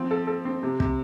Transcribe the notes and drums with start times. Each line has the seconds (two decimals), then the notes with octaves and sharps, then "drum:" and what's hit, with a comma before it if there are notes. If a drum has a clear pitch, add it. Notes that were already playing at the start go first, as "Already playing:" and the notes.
Already playing: F3 C4
0.11 A4
0.27 A4
0.45 C4
0.63 C3
0.80 C3, drum: kick